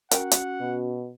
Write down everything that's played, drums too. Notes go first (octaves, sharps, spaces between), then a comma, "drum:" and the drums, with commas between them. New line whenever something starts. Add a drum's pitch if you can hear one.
C#4 F#4 A#4 F#5 G5, drum: hi-hat
drum: hi-hat
B2